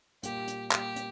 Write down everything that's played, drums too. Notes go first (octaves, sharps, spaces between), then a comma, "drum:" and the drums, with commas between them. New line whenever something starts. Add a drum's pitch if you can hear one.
A#2 G3 A#3 G4, drum: hi-hat
drum: hi-hat
A#2 G3 A#3 G4, drum: clap
drum: hi-hat